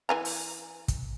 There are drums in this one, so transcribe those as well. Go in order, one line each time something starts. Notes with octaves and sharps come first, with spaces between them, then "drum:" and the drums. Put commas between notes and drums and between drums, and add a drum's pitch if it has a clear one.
E3 G#5 A#5
drum: open hi-hat
drum: kick, hi-hat